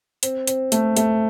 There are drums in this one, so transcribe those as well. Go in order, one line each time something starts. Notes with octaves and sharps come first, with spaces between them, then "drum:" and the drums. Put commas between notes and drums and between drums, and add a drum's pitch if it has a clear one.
C4, drum: hi-hat
C4, drum: hi-hat
A3, drum: hi-hat
A3, drum: hi-hat